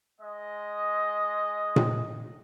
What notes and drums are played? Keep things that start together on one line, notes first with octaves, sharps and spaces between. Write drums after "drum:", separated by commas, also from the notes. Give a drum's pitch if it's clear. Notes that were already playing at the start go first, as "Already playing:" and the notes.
G#3 D#5
drum: tom A#2